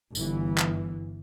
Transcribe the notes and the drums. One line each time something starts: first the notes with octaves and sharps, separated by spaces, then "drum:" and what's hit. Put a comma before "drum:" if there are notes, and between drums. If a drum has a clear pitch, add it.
G1 E3, drum: tambourine
drum: clap